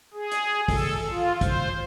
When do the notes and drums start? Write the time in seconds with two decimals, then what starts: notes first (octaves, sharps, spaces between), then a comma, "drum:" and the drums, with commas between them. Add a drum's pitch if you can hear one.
0.14 G#4
0.31 drum: hi-hat
0.68 A4, drum: kick, open hi-hat
1.11 F4
1.41 C5, drum: kick, hi-hat